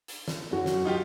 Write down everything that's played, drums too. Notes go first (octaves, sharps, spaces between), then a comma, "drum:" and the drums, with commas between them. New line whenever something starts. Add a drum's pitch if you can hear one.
drum: hi-hat
drum: snare
F#2 F#4
drum: snare
D#4 F4 G4